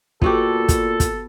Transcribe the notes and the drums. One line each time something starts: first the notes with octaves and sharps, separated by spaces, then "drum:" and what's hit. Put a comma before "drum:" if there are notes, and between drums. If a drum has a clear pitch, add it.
A#2 B3 F#4 G4 A4, drum: kick
drum: kick, hi-hat
drum: kick, hi-hat